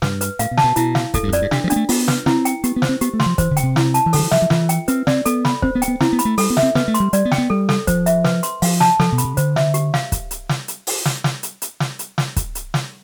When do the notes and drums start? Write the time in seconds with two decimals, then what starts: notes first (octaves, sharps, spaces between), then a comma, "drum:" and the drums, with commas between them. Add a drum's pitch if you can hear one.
0.02 G2 B4, drum: snare
0.21 B4, drum: hi-hat
0.39 A2 F5, drum: hi-hat
0.51 B2
0.57 A5, drum: snare
0.64 B2
0.76 B2 E4, drum: hi-hat
0.95 F5, drum: snare
1.14 A2 A4, drum: kick, hi-hat
1.23 G2
1.28 E2
1.32 F2 D5, drum: hi-hat
1.42 G2
1.51 C3 D4, drum: snare
1.64 F3
1.70 B3 D4, drum: hi-hat
1.76 A3
1.89 B3 F4, drum: open hi-hat
2.08 B4, drum: snare
2.26 C4 E4, drum: snare
2.45 G5, drum: hi-hat
2.64 B3 G4, drum: hi-hat
2.76 B3
2.82 C5, drum: snare
2.89 C4
3.01 B3 G4, drum: hi-hat
3.13 A3
3.20 C6, drum: snare
3.26 F3
3.38 E3 C5, drum: kick, hi-hat
3.51 D3
3.57 G5, drum: hi-hat
3.63 C3
3.76 E4, drum: snare
3.94 A5, drum: hi-hat
4.06 E3
4.13 D3 A4, drum: open hi-hat
4.18 F3
4.23 E3
4.31 F3 E5, drum: snare
4.42 F3
4.50 E3 F4, drum: snare
4.69 G5, drum: hi-hat
4.88 C4 B4, drum: hi-hat
5.07 C4 D5, drum: snare
5.25 B3 A4, drum: hi-hat
5.45 B5, drum: snare
5.62 C4 C5, drum: kick
5.75 B3
5.82 G5, drum: hi-hat
5.88 B3
6.00 C4 E4, drum: snare
6.13 B3
6.19 B5, drum: hi-hat
6.25 A3
6.38 G3 A4, drum: open hi-hat
6.50 B3
6.57 E5, drum: snare
6.63 C4
6.75 B3 B4, drum: snare
6.88 A3
6.94 C6, drum: hi-hat
7.00 G3
7.13 G3 D5, drum: hi-hat
7.25 B3
7.32 G5, drum: snare
7.38 B3
7.50 G3 A4
7.69 A4, drum: snare
7.87 F3 C5, drum: kick, hi-hat
8.06 E5, drum: hi-hat
8.24 B4, drum: snare
8.43 C6, drum: hi-hat
8.62 F3 F5, drum: open hi-hat
8.80 A5, drum: snare
9.00 F3 A4, drum: snare
9.12 B2
9.18 B5, drum: hi-hat
9.24 C3
9.37 D3 C5, drum: hi-hat
9.56 E5, drum: snare
9.74 G4, drum: hi-hat
9.94 F5, drum: snare
10.12 drum: kick, hi-hat
10.31 drum: hi-hat
10.49 drum: snare
10.68 drum: hi-hat
10.87 drum: open hi-hat
11.06 drum: snare
11.24 drum: snare
11.43 drum: hi-hat
11.62 drum: hi-hat
11.80 drum: snare
11.99 drum: hi-hat
12.18 drum: snare
12.36 drum: kick, hi-hat
12.55 drum: hi-hat
12.74 drum: snare